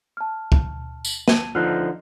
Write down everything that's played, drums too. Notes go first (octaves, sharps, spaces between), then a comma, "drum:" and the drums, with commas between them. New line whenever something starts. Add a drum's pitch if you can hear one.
A5 F6
drum: kick
drum: tambourine
A5 G#6 D#7, drum: snare
D3 F3 D#4 F4 F6 F#6